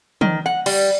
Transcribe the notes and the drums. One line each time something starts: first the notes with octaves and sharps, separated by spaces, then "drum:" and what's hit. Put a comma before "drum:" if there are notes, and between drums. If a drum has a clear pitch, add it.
D#3, drum: tom
F#5
G3, drum: cymbal